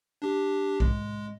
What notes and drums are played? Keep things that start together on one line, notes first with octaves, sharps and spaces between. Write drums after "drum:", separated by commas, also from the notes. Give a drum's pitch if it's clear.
D4 G4
G#3, drum: kick